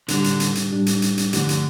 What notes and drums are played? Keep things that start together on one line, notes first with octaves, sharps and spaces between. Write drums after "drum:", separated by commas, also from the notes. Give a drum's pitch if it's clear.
A2 D3 G3 D4 G4, drum: hi-hat
drum: hi-hat
drum: hi-hat
drum: hi-hat
A2 G3 D4 G4
drum: hi-hat
drum: hi-hat
drum: hi-hat
G2 D3 F3 A3 E4 G4, drum: hi-hat
drum: hi-hat